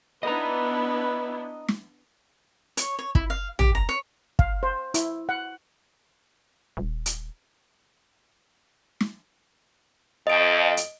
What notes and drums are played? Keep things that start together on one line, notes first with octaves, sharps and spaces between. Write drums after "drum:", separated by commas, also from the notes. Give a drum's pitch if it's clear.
B3 D4 E4 B4 D#5 A#5
drum: snare
C#5, drum: hi-hat
C#5
E4, drum: kick
F5
G4, drum: tom
A#5
C#5
F5, drum: kick
C5
E4, drum: hi-hat
F#5
D#1
drum: hi-hat
drum: snare
F2 D#5 D7
drum: hi-hat